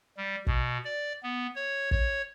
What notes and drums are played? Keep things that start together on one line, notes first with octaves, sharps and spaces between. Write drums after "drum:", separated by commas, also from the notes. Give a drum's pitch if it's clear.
G3
B2, drum: kick
D5
B3
C#5
C#5, drum: kick